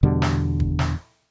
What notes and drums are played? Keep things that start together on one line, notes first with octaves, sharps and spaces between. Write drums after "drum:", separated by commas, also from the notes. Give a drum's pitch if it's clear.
E2 B2 D3 G3
drum: snare
drum: kick
drum: snare